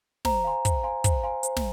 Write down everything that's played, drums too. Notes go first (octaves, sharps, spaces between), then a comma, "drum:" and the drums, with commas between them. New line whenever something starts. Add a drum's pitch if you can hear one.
C5 A#5, drum: snare
F5 G#5 C6
C5, drum: kick, hi-hat
F5 G#5 C6
C5, drum: kick, hi-hat
F5 G#5 C6
C5, drum: hi-hat
drum: snare